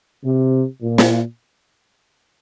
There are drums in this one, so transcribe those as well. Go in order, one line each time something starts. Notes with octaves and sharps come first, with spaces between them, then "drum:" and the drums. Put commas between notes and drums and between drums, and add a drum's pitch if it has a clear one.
C3
A#2
drum: snare